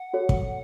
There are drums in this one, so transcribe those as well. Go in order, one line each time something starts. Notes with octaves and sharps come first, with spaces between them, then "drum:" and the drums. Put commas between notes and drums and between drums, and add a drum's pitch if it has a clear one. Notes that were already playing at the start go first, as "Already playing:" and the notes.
Already playing: F#5
F#4 A4 C#5
drum: kick